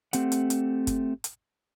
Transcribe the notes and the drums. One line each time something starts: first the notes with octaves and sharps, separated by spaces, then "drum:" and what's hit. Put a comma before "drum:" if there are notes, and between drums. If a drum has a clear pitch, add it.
A3 C4 G4 F#5, drum: hi-hat
drum: hi-hat
drum: hi-hat
drum: kick, hi-hat
drum: hi-hat